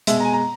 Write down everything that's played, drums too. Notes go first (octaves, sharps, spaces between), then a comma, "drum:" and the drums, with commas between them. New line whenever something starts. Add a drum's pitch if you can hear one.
B2 G#3 E5, drum: hi-hat
A#5
G#5
A#5